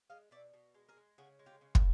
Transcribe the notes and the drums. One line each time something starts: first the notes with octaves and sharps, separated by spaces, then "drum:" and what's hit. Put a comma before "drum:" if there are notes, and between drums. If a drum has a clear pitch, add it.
G#3 D#5 F5
B2 D5 E5
B2
G#3
G#4 A#4
G#3
C#3 F#4 G#4
G#3
F4 G4
C#3
E4 F#4, drum: kick